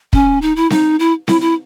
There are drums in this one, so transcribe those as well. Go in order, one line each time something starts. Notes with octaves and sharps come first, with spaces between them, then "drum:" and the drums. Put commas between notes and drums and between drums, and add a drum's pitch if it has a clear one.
C#4, drum: kick
D#4
E4
D#4, drum: snare C4
E4
E4, drum: snare C4
E4